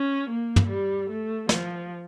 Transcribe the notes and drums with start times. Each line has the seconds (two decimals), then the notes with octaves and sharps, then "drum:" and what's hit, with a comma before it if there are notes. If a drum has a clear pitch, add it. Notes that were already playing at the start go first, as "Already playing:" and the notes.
Already playing: C#4
0.29 A#3
0.56 drum: tom
0.69 G3
1.09 A3
1.49 F3, drum: snare